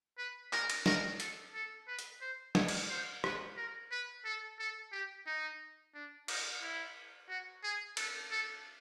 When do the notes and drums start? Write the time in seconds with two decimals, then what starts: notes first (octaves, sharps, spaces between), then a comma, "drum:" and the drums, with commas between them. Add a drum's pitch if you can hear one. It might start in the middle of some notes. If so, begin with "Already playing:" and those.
0.18 B4
0.53 A#4, drum: clap
0.70 drum: cymbal
0.86 A#4, drum: snare
1.20 A4, drum: hi-hat
1.54 A4
1.88 B4
1.99 drum: hi-hat
2.21 C5
2.55 C#5, drum: snare
2.68 drum: cymbal
2.90 C5
3.24 B4, drum: rim click
3.57 A#4
3.91 B4
4.25 A4
4.59 A4
4.92 G4
5.26 D#4
5.94 D4
6.28 D#4, drum: cymbal
6.62 E4
7.29 F#4
7.64 G#4
7.97 A4, drum: cymbal
8.31 A4